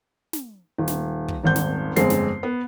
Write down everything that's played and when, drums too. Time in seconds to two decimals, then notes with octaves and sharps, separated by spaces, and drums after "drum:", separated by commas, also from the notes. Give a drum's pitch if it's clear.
0.33 drum: snare
0.78 D#1
0.88 drum: snare
1.28 drum: kick
1.43 D#1 G#1 G6
1.56 drum: snare
1.96 G1 F2 G#3 C4 C7, drum: snare
2.10 drum: snare
2.43 B3